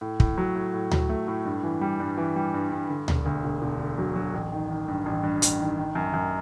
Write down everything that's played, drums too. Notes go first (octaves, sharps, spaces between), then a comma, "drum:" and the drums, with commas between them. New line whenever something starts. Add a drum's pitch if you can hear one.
A2
A2, drum: kick
F#3
A2
A2
F#3, drum: tom D2
A3
A2
G2
E3
G3
G2
E3
G3
G2
G2
D3
E1, drum: tom D2
D2
E1
E1
D3
F#3
F#3
A1
D#3
D#3
G2
A1
G2
A1, drum: hi-hat
D#3
D#3
F#2
F#2